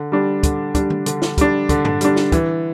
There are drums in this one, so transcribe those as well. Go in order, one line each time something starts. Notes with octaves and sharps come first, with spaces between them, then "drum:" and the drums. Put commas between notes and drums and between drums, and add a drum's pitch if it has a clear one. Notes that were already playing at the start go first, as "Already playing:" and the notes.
Already playing: D3
G3 D4
D3, drum: kick, hi-hat
G3 D4, drum: kick, hi-hat
drum: tom D#3
D3, drum: hi-hat
drum: snare
G3 D4, drum: kick, hi-hat
D3, drum: kick, hi-hat
drum: tom G2
G3 D4, drum: hi-hat
drum: snare
E3, drum: kick, hi-hat